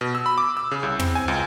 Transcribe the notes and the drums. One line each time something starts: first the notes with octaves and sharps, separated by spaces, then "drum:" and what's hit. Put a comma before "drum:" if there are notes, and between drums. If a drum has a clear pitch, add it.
B2
E6
B5
D6
E6
C#3
C2
C4, drum: tom
G#5
C#2